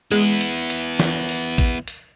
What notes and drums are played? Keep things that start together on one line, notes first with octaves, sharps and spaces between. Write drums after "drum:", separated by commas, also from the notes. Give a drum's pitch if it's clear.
G#3 B3 E4, drum: hi-hat
drum: hi-hat
drum: hi-hat
drum: snare
drum: open hi-hat
drum: kick A1, hi-hat
drum: hi-hat